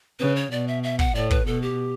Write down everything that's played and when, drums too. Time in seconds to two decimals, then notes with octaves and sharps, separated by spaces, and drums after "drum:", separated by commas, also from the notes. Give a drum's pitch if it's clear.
0.19 C#3 B4
0.36 C#5
0.51 B2 D5
0.68 E5
0.83 E5
0.99 F#5, drum: kick
1.15 A2 D5
1.31 B4, drum: kick
1.46 B2 A4
1.62 G4